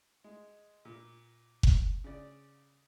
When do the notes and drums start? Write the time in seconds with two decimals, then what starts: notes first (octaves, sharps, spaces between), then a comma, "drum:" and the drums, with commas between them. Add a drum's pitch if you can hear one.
0.24 G#3
0.85 A#2
1.63 drum: kick F#1
2.04 C#3 D5